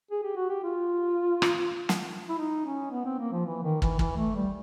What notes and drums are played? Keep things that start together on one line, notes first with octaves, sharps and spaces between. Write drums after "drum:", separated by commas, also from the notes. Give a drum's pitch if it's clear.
G#4
G4
F#4
G4
F4
drum: rim click
drum: snare
E4
D#4
C#4
B3
C4
A#3
F3
E3
D#3
E3, drum: kick
E3, drum: kick
A3
G3